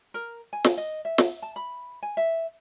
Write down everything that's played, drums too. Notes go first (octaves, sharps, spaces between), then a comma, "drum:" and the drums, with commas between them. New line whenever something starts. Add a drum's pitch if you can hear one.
A#4
G#5
drum: snare
D#5
E5
drum: snare
A5
B5
G#5
E5